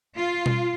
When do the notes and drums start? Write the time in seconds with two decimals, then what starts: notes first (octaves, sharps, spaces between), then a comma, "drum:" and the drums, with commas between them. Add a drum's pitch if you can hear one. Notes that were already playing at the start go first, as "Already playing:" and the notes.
0.16 F4
0.46 drum: tom B2